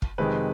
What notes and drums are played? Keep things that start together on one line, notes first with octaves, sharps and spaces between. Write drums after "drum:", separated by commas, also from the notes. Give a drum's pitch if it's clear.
drum: kick
F2 C3 D#3 G#3 B4